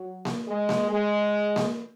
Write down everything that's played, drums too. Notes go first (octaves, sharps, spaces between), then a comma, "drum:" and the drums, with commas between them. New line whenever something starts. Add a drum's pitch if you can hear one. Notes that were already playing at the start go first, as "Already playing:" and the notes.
Already playing: F#3
drum: snare A#3
G#3
drum: snare A#3
G#3
drum: snare A#3